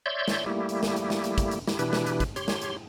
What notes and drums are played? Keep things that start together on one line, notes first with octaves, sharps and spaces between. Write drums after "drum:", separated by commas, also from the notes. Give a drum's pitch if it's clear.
C#5 D5 E5 C6 G6
drum: snare
G3 A3 A#3 E4 G4
drum: hi-hat
drum: snare
drum: hi-hat
drum: snare
drum: hi-hat
drum: kick, hi-hat
drum: hi-hat
E4 G4, drum: snare
B2 E3 D4 E4 G4 B4, drum: hi-hat
drum: snare
drum: hi-hat
drum: kick, hi-hat
G4 C#5 C6, drum: hi-hat
drum: snare
drum: hi-hat